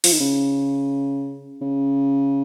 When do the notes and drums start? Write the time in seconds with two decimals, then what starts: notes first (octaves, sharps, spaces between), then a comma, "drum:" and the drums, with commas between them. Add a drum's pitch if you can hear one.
0.04 F3, drum: open hi-hat
0.12 D#3
0.20 C#3
1.61 C#3